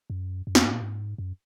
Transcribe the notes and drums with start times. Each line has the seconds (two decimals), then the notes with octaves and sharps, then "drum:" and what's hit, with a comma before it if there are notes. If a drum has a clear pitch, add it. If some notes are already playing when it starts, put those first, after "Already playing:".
0.10 F#2
0.47 F#2
0.55 F2, drum: snare
0.65 G#2
0.73 A#2
0.82 G#2
1.18 F#2